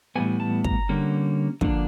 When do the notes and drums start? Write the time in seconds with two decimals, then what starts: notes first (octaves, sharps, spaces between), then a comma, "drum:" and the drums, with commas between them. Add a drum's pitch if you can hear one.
0.16 A2 E3 G3 B3 G#5
0.40 A5
0.64 A#5, drum: kick
0.89 D3 G3 A#3 C#4
1.61 D3 F3 A#3 D4, drum: kick